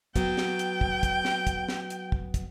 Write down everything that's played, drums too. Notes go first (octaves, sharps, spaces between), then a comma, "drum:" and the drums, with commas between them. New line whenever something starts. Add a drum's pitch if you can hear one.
F#3 B3 F#4 G5, drum: kick, hi-hat
drum: snare
drum: hi-hat
drum: kick
drum: kick, hi-hat
drum: snare
drum: kick, hi-hat
drum: snare
drum: hi-hat
drum: kick
drum: kick, hi-hat